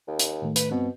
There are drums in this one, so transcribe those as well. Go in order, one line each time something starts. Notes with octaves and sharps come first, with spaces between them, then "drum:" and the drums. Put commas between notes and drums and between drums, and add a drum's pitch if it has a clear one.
D#2
drum: hi-hat
A2 D#3 A3
B4, drum: hi-hat
G2 B2 B3 C4